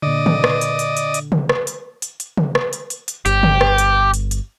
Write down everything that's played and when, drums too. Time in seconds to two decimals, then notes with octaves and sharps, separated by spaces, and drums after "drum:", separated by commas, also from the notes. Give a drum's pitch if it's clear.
0.02 A#2 D3 D5 D#5
0.26 drum: tom
0.44 drum: rim click
0.61 drum: hi-hat
0.79 drum: hi-hat
0.97 drum: hi-hat
1.14 drum: hi-hat
1.32 drum: tom
1.49 drum: rim click
1.67 drum: hi-hat
2.02 drum: hi-hat
2.20 drum: hi-hat
2.37 drum: tom
2.55 drum: rim click
2.73 drum: hi-hat
2.90 drum: hi-hat
3.08 drum: hi-hat
3.26 G1 G4, drum: hi-hat
3.43 drum: tom
3.61 drum: rim click
3.78 drum: hi-hat
4.14 drum: hi-hat
4.31 drum: hi-hat